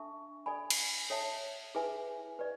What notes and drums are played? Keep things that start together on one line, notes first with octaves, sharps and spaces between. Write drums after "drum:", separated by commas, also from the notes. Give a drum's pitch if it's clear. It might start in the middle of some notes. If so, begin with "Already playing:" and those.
Already playing: D4 A4 E5 A5 C#6
A4 D5 G#5 B5
drum: cymbal
A4 C#5 E5 A5
E4 G#4 B4 E5 G#5
B4 D5